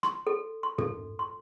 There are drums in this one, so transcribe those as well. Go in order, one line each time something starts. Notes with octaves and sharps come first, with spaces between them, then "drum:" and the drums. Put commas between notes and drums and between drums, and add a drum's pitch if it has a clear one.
C6, drum: rim click
A4
C6
A4, drum: tom
C6